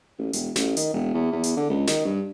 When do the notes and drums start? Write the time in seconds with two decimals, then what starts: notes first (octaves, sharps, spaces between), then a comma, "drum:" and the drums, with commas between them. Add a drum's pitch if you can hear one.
0.19 A1
0.33 E1, drum: hi-hat
0.56 A1, drum: snare
0.77 D#3, drum: hi-hat
0.93 E1
1.14 E2
1.32 E2
1.43 drum: hi-hat
1.56 D3
1.70 C#2
1.87 D#3, drum: snare
2.05 G2